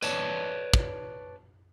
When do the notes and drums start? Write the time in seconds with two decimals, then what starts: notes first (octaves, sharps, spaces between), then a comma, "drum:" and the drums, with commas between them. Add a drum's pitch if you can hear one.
0.02 B4 C#5 D5 A5, drum: tambourine
0.74 drum: kick